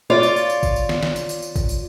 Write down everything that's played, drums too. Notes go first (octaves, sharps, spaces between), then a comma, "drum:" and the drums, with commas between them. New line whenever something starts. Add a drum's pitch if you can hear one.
F4 C#5 D5
drum: tambourine
drum: tambourine
drum: tambourine
drum: kick G#1, tambourine
drum: tambourine
drum: snare
drum: snare
drum: tambourine
drum: tambourine
drum: tambourine
drum: kick G#1, tambourine
drum: tambourine